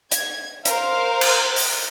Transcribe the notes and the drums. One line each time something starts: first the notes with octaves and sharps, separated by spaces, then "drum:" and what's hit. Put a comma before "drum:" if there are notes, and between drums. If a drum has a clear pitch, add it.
G#6, drum: hi-hat
A#4 C5 F5, drum: hi-hat
drum: cymbal
drum: open hi-hat